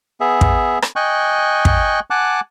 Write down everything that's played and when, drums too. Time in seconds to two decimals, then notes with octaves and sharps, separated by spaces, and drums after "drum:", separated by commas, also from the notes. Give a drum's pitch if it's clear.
0.20 B3 G#4 E5
0.41 drum: kick
0.82 drum: rim click
0.96 D#5 G5 G#5 C#6 F#6
1.65 drum: kick
2.10 F#5 G#5 A5 D6 F#6